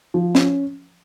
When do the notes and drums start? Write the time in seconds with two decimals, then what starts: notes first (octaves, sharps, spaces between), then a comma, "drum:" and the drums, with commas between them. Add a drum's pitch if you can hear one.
0.14 F3
0.35 C#4, drum: snare